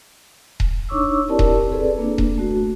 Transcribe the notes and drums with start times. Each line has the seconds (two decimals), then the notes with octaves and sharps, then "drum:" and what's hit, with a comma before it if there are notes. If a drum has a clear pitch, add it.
0.60 drum: kick D#1
0.89 D4 D#4 C#5 C#6 D6 E6
1.28 C4 E4 G4 A#4 D5 A5
1.39 drum: kick D#1
1.72 C4 G#4 A4 B4 D5
1.98 A#3 D4
2.18 drum: kick D#1
2.38 A3 F#4